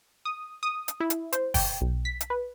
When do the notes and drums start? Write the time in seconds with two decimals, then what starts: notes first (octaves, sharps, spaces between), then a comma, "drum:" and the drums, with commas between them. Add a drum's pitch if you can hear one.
0.25 D#6
0.63 D#6
0.88 drum: hi-hat
1.00 E4
1.10 drum: hi-hat
1.33 C5, drum: hi-hat
1.54 G5, drum: kick, open hi-hat
1.81 B1
2.05 B6
2.21 drum: hi-hat
2.30 B4